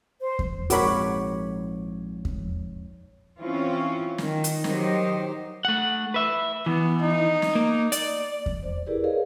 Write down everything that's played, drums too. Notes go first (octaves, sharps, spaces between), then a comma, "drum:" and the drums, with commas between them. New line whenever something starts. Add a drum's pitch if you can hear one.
C5
drum: kick E2
A#1 F2 G#2 F#4 A#4 C#5 B5 D6, drum: hi-hat
drum: kick E2
E3 C4 C#4 F4
D#3, drum: snare
drum: hi-hat
D#3 F#3 D#4 G4 C5 D#5, drum: snare
A3 F#5
B4 E5
E3 B3
D#4
drum: snare
A#3
D5, drum: hi-hat
drum: kick E2
C5 D5
E4 G4 G#4 A#4 B4 D5
G#4 A#4 B4 C#5 D#5 F5